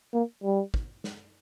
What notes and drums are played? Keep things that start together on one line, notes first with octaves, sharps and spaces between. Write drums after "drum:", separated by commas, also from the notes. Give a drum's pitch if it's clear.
A#3
G3
drum: kick
drum: snare